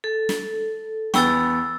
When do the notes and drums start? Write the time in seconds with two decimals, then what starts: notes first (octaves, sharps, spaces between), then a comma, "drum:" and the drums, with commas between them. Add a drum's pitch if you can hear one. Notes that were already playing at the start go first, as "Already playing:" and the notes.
0.04 A4
0.29 drum: snare
1.14 E2 B3 G5 C#6 E6 A6, drum: snare